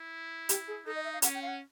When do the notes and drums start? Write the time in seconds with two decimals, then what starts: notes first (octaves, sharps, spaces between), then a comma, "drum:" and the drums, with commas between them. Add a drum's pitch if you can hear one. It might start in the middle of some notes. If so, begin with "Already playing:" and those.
Already playing: E4
0.49 G4, drum: hi-hat
0.67 G#4
0.86 D#4 A4
0.95 D#5
1.04 E5
1.13 F5
1.22 C#4 F#5, drum: hi-hat
1.34 G5
1.42 F5
1.47 F#5